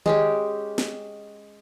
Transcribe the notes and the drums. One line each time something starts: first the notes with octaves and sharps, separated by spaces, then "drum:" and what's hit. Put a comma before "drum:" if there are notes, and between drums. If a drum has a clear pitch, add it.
G#3 C#4 G4, drum: tom D#3
drum: snare